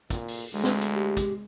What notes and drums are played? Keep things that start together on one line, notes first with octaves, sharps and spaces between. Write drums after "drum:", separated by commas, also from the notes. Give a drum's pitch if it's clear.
A#2, drum: kick, hi-hat
drum: open hi-hat
D2 G#3
drum: snare
drum: hi-hat
G4
drum: kick, hi-hat